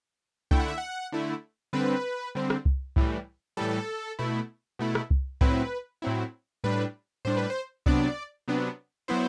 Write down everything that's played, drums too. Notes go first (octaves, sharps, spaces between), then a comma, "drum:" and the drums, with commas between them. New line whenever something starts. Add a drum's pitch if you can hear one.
D3 A3 E4 G5, drum: kick C2
F#5
E5
F#5
D3 A3 E4
D3 G3 C4 B4
D3 G3 C4
drum: rim click
drum: kick C2
A2 E3 G3, drum: kick C2
A2 E3 G3 A4
B2 A3 E4
B2 A3 E4
drum: rim click
drum: kick C2
A2 F#3 C4 E4 B4, drum: kick C2
A2 F#3 C4 E4
A2 G3 D4 B4
A2 G3 D4 C5
B4
C5
C3 F#3 B3 D4 D5, drum: kick C2
C3 F#3 B3 D4
F#3 B3 E4 C5